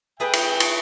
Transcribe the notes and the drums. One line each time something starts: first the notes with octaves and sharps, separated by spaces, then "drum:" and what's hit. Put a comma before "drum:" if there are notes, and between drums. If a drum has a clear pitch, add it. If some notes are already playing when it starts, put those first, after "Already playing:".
A3 G#4 B4 E5 G5
drum: cymbal
drum: cymbal